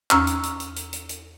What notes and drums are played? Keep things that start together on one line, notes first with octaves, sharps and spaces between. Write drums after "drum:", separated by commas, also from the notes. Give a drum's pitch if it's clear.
E2 C#4 A#5 C#6 E6 F6, drum: clap
drum: hi-hat
drum: hi-hat
drum: hi-hat
drum: hi-hat
drum: hi-hat
drum: hi-hat